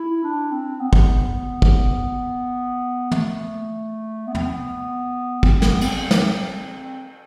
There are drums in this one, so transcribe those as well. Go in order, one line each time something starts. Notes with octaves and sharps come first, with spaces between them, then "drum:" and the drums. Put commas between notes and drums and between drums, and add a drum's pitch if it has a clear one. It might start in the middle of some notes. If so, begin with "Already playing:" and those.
Already playing: E4
D4
C4
B3
drum: kick
drum: kick
A3, drum: tom
B3
C4, drum: tom
B3
C4, drum: kick
B3, drum: snare
C4, drum: cymbal
C4
drum: snare